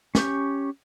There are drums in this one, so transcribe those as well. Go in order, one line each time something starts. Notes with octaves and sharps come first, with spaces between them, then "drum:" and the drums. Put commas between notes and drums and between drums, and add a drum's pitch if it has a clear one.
C#4 G4 C#6 G6, drum: snare